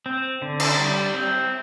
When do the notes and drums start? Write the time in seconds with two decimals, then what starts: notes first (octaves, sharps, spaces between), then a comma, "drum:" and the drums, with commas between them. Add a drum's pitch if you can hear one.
0.06 C4
0.42 D3
0.60 drum: cymbal
0.78 G3
1.14 C4